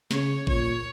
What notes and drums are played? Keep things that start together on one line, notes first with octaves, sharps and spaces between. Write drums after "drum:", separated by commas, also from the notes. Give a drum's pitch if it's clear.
C#3 C#5, drum: snare
A#2 C#5, drum: kick G#1